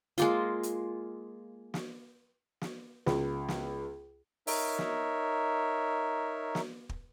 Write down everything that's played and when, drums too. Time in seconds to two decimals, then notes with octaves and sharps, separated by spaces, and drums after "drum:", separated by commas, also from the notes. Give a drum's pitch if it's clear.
0.18 G#3 A#3 F4, drum: hi-hat
0.63 drum: hi-hat
1.74 drum: snare
2.61 drum: snare
3.06 C#2, drum: snare
3.48 drum: snare
4.47 D#4 A#4 C#5 E5, drum: open hi-hat
4.78 drum: snare
6.55 drum: snare
6.89 drum: kick